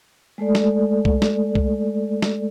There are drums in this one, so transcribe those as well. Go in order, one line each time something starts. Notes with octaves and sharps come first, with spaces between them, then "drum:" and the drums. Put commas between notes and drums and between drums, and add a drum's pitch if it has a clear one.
G#3 A3 A4 D5
drum: snare
drum: kick C2
drum: snare
drum: kick C2
drum: snare